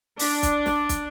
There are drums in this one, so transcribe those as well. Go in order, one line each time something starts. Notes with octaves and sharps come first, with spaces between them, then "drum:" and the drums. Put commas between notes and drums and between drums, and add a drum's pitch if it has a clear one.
D4, drum: open hi-hat
drum: kick, hi-hat
drum: snare
drum: kick, hi-hat